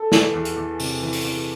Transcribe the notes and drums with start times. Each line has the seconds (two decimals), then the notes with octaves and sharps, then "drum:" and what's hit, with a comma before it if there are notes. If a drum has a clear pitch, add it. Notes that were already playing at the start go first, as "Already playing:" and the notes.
Already playing: A4
0.12 E3, drum: snare
0.34 E2
0.45 drum: hi-hat
0.56 E2
0.80 C3, drum: open hi-hat
1.02 E3
1.13 drum: open hi-hat
1.24 E2